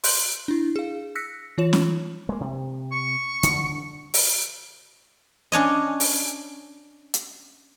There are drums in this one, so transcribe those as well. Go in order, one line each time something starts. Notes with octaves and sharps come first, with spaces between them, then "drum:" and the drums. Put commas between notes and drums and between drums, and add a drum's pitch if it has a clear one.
C6 F#6 G6 F#7, drum: open hi-hat
D4 E4
G#4 F5
E6 F#6 A#6 B6 C#7
E3 F4 C#5 E7
drum: snare C#4
G#3 A#3
C3
C#6
D3, drum: hi-hat
drum: open hi-hat
C#4 D4 C#5 D#5
drum: open hi-hat
drum: hi-hat